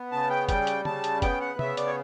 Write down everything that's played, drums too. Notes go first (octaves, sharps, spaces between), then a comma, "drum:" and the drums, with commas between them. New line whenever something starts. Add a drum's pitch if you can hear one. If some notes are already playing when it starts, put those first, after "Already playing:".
Already playing: B3
C#3 A5
G5
G3 G5, drum: kick, hi-hat
drum: hi-hat
C#3 A5, drum: tom
drum: hi-hat
B3 G5, drum: kick, hi-hat
F#5
C#3 E5, drum: tom C3
D5, drum: hi-hat
C#5